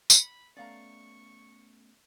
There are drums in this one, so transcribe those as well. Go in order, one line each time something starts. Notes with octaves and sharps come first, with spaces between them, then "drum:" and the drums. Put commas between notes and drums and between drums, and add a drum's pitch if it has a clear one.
B5, drum: tambourine
A3 B3 C#4 D5 F5 A#5 C#6